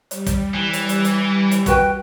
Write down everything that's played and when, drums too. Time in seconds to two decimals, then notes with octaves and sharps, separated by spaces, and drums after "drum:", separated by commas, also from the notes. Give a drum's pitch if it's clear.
0.11 G3, drum: hi-hat
0.26 drum: kick, hi-hat
0.54 E3
0.73 drum: hi-hat
0.89 drum: hi-hat
1.05 drum: hi-hat
1.51 drum: hi-hat
1.66 F#4 B4 G5, drum: kick, hi-hat